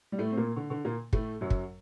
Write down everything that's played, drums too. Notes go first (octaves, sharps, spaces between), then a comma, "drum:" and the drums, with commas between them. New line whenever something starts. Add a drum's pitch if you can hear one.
G3
A2 A3
C4
A#2 A#3
D3
D3
A#2 A#3
A2 A3, drum: kick
F#2 F#3
drum: kick